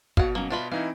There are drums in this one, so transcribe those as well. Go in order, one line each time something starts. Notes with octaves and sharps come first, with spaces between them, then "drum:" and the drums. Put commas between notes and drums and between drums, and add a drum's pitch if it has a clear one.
B2 F#4 C#5 D5 F5 F#5, drum: kick
F#3 A#3 C#4
D4 F4 B4 C5 D#5 E5
E3 C4 D#4 E4 F5